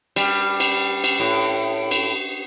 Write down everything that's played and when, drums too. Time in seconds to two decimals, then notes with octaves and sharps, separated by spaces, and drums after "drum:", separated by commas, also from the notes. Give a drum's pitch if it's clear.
0.16 G3, drum: cymbal
0.60 drum: cymbal
1.04 drum: cymbal
1.20 A2
1.91 drum: cymbal